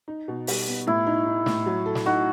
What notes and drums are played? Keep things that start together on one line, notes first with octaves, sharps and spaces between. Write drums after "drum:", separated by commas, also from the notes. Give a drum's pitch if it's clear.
D#4
B2
G3, drum: open hi-hat
B3
A2 E4
D#4
D#4
A2, drum: snare
F#3
A4
drum: snare
D#4 F#4